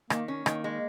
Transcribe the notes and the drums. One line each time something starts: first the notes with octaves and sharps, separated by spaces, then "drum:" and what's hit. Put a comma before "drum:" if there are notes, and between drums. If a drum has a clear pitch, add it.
D#3 A#3, drum: rim click
C#4
A#3
D#3, drum: rim click
G#3